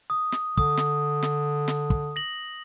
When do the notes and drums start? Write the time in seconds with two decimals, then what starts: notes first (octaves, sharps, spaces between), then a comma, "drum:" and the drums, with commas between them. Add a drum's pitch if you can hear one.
0.10 D#6
0.32 drum: snare
0.57 D3 D#6, drum: kick
0.77 drum: snare
1.23 drum: snare
1.68 drum: snare
1.90 drum: kick
2.16 A#6 F#7